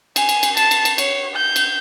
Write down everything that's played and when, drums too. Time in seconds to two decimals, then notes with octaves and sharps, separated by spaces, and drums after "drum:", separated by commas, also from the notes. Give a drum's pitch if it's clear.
0.16 G#5, drum: cymbal
0.29 drum: cymbal
0.43 drum: cymbal
0.57 A5, drum: cymbal
0.71 drum: cymbal
0.85 drum: cymbal
0.98 C#5, drum: cymbal
1.36 G6
1.56 drum: cymbal